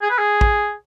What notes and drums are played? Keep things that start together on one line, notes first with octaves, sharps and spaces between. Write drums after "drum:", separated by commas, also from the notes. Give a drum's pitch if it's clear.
G#4
B4
G#4
drum: kick A1